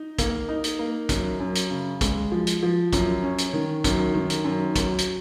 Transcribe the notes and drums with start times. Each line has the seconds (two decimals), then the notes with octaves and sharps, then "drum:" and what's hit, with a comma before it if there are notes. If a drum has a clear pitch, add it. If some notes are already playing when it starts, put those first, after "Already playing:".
Already playing: D#4
0.19 A#3, drum: kick, hi-hat
0.49 D#4
0.64 drum: hi-hat
0.79 A#3
1.09 F#2, drum: kick, hi-hat
1.40 F#2
1.55 drum: hi-hat
1.70 C#3
2.01 G#3, drum: kick, hi-hat
2.32 F3
2.47 drum: hi-hat
2.63 F3
2.93 F#2, drum: kick, hi-hat
3.22 C#4
3.38 drum: hi-hat
3.53 D#3
3.84 F#2, drum: kick, hi-hat
4.14 D#3
4.30 drum: hi-hat
4.44 F#2
4.76 F#3, drum: kick, hi-hat
4.98 drum: hi-hat